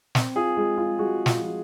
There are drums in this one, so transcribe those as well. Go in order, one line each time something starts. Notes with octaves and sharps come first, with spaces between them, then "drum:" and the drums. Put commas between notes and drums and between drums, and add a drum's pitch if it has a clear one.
C4, drum: snare
F4 G#4
G#3 F4
F4
G#3 F#4
F4, drum: snare
F3